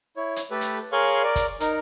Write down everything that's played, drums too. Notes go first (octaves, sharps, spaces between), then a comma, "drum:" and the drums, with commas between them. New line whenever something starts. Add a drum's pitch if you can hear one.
E4 C#5
drum: hi-hat
A3 G4 A4 B4
drum: hi-hat
G#4 A#4 C#5 F5 C6 C#6
A#4 D5
drum: kick, hi-hat
D#4 A#4, drum: hi-hat